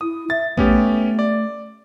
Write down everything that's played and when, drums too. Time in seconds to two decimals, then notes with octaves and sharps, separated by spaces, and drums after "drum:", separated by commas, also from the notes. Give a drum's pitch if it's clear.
0.01 E4 D#6
0.30 E5 A6
0.57 A3 B3 C#4 G4, drum: kick A1
1.19 D5